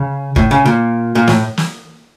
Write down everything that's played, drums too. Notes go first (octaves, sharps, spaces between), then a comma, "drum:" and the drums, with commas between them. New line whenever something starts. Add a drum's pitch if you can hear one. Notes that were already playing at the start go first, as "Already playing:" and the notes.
Already playing: C#3
A2, drum: kick
C#3
A#2
A#2
A2, drum: snare
drum: snare